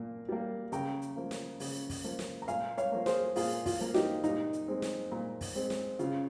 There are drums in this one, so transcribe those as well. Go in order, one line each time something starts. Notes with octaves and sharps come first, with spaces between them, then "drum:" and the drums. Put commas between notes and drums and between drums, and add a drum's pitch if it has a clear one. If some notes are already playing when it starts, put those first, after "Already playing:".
Already playing: A#2 A#3
G3 A#3
C#3 G5 A#5, drum: hi-hat
drum: hi-hat
F3 A#3
drum: snare
C#3, drum: open hi-hat
drum: kick, open hi-hat
F3 A#3
drum: snare
A#5
A#2 F5 G#5, drum: hi-hat
C#5 F5, drum: hi-hat
F3 A#3
G#4 C5, drum: snare
A#2 F4 G#4, drum: open hi-hat
F4, drum: kick, open hi-hat
F3 A#3
D#4 G4, drum: snare
A#2 D#4, drum: hi-hat
drum: hi-hat
G#3 C4
drum: snare
A#2
drum: kick, open hi-hat
G#3 C4
drum: snare
C#3 F4, drum: hi-hat